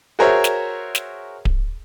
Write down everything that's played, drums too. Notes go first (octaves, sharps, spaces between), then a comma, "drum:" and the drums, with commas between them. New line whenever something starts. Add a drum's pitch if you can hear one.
F#4 G#4 A#4 C5 C#5 E5
drum: snare
drum: snare
drum: kick D1